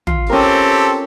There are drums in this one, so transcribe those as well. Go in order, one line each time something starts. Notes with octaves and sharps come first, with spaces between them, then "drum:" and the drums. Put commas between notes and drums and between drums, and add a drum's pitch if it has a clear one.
F4, drum: tom
C4 C#4 G4 A4 A#4